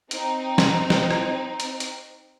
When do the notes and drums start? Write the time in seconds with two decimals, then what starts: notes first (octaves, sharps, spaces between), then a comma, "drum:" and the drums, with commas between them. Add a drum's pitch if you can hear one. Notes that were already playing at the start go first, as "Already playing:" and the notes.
0.11 C4 D#4, drum: hi-hat
0.58 drum: snare
0.90 drum: snare
1.11 drum: rim click
1.60 drum: hi-hat
1.80 drum: hi-hat